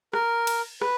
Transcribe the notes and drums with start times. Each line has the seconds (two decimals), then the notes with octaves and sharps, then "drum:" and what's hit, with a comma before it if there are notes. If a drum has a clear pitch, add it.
0.13 A#4, drum: rim click
0.47 drum: cymbal
0.81 B4, drum: rim click